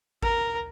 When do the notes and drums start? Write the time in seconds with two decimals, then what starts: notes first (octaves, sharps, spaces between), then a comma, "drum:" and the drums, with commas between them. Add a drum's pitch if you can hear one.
0.23 A#4, drum: kick G#1